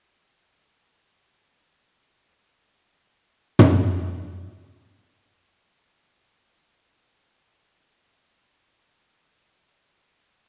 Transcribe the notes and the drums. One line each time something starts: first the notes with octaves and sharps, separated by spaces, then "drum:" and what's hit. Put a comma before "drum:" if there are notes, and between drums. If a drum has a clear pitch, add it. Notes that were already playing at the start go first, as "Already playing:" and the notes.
C6
F2 G4
D#6
B2 F4 F#5
D4 E4 F#4 G#4 B4 C#5
drum: tom
A3 B5
C#3
B3
F3
B2
E4
G4
D2
F2
G#4
G2